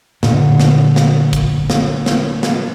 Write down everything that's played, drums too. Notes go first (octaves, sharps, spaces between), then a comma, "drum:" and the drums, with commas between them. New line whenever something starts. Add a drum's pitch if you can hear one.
A#2 D3, drum: snare
drum: snare
drum: snare
drum: kick, hi-hat
drum: snare
drum: snare
drum: snare